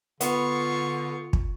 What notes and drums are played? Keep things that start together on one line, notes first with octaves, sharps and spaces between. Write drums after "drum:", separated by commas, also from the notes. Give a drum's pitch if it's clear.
D3 B3 F4 C#6, drum: hi-hat
drum: kick